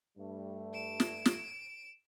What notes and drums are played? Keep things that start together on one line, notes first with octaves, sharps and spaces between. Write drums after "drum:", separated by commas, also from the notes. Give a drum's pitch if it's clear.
G2 G3 A3
D7 E7
drum: snare
drum: snare